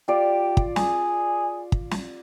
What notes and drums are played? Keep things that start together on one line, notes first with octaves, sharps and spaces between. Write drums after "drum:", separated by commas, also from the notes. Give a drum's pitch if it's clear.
F4 G4 D5
drum: kick
G#4, drum: snare
drum: kick
drum: snare